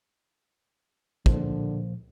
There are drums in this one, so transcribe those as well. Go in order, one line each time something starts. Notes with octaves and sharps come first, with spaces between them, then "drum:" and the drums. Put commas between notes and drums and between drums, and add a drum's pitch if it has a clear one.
A#2 D3 F3, drum: kick